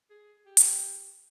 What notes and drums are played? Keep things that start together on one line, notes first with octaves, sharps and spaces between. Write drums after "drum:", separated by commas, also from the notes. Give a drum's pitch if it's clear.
G#4
G4
drum: hi-hat